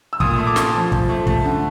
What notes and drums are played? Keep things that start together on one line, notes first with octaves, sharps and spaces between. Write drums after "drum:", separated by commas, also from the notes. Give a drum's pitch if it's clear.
E6
A#2 D#6, drum: kick
A3
D6
A3, drum: snare
F3
F3, drum: kick
A3
A3, drum: kick
D3